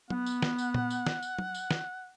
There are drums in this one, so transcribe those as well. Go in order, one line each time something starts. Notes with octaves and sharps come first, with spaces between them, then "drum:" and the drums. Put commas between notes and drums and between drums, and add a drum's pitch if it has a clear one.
B3 F#5, drum: tom
drum: tambourine
drum: snare
drum: tambourine
drum: tom A#2
drum: tambourine
drum: snare
drum: tambourine
drum: tom
drum: tambourine
drum: snare